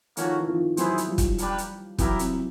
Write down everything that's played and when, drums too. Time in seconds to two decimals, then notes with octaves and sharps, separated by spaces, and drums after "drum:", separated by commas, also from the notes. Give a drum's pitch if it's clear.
0.17 D#3 F3 A#3 C#4 F#4 A4 C#5, drum: hi-hat
0.39 E3
0.47 D#3 F3
0.77 E3 F#3 B3 E4 G#4 C5, drum: hi-hat
0.98 drum: hi-hat
1.08 F3 G3
1.18 drum: kick, hi-hat
1.38 A#3 D4 G4 B4, drum: hi-hat
1.58 drum: hi-hat
1.98 E3 F#3 B3 E4 G4 A#4, drum: kick, hi-hat
2.19 C3, drum: hi-hat
2.30 C3